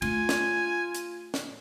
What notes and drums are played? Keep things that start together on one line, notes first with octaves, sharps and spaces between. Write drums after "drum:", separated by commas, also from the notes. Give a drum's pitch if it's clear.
A3 D4 F4 G#5, drum: cymbal
drum: snare
drum: hi-hat
drum: snare